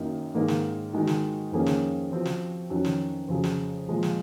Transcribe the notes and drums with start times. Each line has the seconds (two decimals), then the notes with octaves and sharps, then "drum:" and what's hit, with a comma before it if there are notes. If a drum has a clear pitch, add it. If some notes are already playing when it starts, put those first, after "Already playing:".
Already playing: F#2 D#3 F#3 A#3 D#4
0.34 G#2 D#3 A#3 D#4 G#4
0.48 drum: snare
0.93 D#3 G#3 D#4 F#4
1.07 drum: snare
1.51 F2 D#3 A#3 C#4 G#4
1.66 drum: snare
2.11 F3 C4 F#4
2.25 drum: snare
2.70 F2 D#3 F#3 C#4
2.85 drum: snare
3.28 F2 C#3 F#3
3.44 drum: snare
3.88 A#2 F3 G#3
4.03 drum: snare